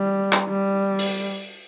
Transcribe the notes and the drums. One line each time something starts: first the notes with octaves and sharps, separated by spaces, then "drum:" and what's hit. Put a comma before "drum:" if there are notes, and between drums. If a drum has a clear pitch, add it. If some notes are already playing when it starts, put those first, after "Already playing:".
Already playing: G3
drum: clap
G3
drum: open hi-hat